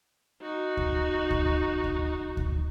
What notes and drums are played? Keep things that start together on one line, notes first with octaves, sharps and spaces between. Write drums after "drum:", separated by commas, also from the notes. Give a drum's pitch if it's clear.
D#4 F#4
drum: kick D2
drum: kick D2
drum: kick D2
drum: kick D2